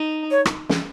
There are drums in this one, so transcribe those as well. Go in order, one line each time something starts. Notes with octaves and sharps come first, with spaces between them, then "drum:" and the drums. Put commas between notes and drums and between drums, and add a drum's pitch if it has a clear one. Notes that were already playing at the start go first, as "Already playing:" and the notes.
Already playing: D#4
C#5
drum: rim click
drum: snare